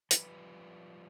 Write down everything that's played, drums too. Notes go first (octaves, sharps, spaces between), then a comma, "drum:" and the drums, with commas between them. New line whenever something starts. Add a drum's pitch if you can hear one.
F3 G3 F4 B4, drum: hi-hat